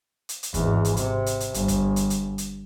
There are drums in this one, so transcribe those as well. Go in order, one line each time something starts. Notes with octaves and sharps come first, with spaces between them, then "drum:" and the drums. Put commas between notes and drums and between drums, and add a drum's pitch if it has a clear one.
drum: hi-hat
drum: hi-hat
G#1 E2, drum: kick, hi-hat
drum: hi-hat
C3, drum: hi-hat
drum: hi-hat
drum: hi-hat
G1, drum: hi-hat
drum: kick, hi-hat
drum: hi-hat
drum: hi-hat
drum: hi-hat